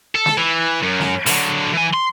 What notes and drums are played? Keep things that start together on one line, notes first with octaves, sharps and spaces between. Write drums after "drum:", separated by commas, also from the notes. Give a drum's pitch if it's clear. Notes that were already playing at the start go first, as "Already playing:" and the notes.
A4
drum: snare
E3
F#2
drum: snare
D3 F#3, drum: open hi-hat
E3 G#5
C6